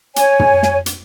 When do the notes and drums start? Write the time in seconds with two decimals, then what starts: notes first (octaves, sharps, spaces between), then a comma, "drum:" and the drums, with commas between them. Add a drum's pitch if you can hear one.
0.16 C#5 G#5, drum: hi-hat
0.39 drum: tom
0.63 drum: snare
0.86 drum: hi-hat